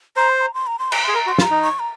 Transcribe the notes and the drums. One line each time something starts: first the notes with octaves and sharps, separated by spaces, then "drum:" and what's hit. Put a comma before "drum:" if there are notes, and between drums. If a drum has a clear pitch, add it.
C5 A#5
C6
A#5
C6
A#5
C6
A#5, drum: cymbal
G#4 C6
A#4 A#5
F#4 C6
F4, drum: snare
A#5
D#4
C#6
A#5